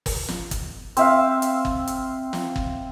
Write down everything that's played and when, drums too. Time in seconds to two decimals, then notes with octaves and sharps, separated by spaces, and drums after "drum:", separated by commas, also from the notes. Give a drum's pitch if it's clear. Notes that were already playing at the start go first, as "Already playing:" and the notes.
0.06 drum: kick, open hi-hat
0.28 drum: snare
0.51 drum: kick, hi-hat
0.97 C4 E5 F5, drum: hi-hat
1.42 drum: hi-hat
1.65 drum: kick
1.87 drum: hi-hat
2.33 drum: snare
2.56 drum: kick